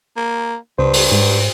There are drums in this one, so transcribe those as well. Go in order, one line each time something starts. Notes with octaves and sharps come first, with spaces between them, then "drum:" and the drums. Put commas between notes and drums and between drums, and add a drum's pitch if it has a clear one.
A#3
C#2 G2 C5
drum: open hi-hat
G#2